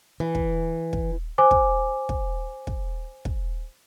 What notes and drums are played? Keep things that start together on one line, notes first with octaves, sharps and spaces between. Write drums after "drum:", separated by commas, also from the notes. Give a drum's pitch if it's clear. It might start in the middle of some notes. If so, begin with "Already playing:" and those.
E3
drum: kick
drum: kick
C5 G#5 D6
drum: kick
drum: kick
drum: kick
drum: kick